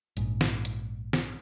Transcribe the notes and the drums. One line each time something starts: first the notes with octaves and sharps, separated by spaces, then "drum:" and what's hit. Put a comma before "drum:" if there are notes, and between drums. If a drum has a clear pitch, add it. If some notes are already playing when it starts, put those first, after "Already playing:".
A#1 G#2, drum: hi-hat
drum: snare
drum: hi-hat
drum: snare